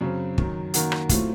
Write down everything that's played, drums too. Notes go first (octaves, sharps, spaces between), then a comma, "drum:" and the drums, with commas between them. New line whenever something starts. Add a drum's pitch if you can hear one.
F#2 C#3 F#3 C4
F#2 D#3 F#3, drum: kick
D#3 A#3 C#4 F#4, drum: hi-hat
drum: rim click
A2 F#3 A3 C4 F4, drum: kick, hi-hat